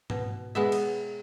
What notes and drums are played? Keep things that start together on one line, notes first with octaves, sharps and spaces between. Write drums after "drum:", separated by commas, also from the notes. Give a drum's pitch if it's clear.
B2, drum: tom G#2
G#3 B3 E5
drum: cymbal